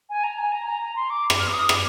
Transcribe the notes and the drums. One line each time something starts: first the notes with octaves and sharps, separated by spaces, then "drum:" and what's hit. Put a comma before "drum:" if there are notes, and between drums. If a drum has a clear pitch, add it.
G#5
A#5
G#5
A#5
A#5
A#5
C6
D6
drum: rim click
F6
D6
D#6
D6, drum: rim click